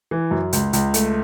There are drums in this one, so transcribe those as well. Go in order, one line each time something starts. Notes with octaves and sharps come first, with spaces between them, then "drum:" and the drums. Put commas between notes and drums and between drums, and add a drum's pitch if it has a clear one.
E3
F#2
C#2, drum: hi-hat
C#2, drum: hi-hat
A3, drum: hi-hat